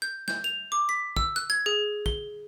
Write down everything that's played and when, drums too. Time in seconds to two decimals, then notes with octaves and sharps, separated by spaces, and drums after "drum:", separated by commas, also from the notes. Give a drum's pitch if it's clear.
0.02 G6
0.28 G6, drum: snare
0.44 F7
0.72 D6
0.89 B6
1.17 E6, drum: kick
1.36 F#6
1.50 G#6
1.66 G#4
2.06 G7, drum: kick